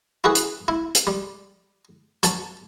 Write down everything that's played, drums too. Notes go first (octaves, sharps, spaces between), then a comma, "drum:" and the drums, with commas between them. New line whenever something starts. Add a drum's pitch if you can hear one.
E4 F#4 G#4 B4
drum: hi-hat
E4
drum: hi-hat
G3
F#3 A5, drum: hi-hat